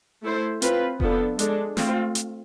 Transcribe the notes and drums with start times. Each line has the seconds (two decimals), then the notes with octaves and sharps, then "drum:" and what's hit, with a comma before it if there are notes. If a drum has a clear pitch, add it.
0.23 A3 E4 A4 C5
0.62 C4 F4 B4, drum: hi-hat
1.00 F3 B3 D4 A4, drum: kick F1
1.39 G#3 D4 A4, drum: hi-hat
1.77 A3 C4 F4, drum: snare
2.15 drum: hi-hat